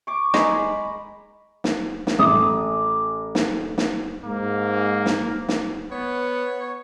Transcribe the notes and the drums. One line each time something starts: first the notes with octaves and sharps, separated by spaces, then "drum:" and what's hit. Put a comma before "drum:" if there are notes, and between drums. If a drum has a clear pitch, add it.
C#6 D6
G#3 A#5 B5, drum: snare
drum: snare
drum: snare
A1 D6 D#6
drum: snare
drum: snare
G#2 A#3
drum: snare
drum: snare
B3 C#5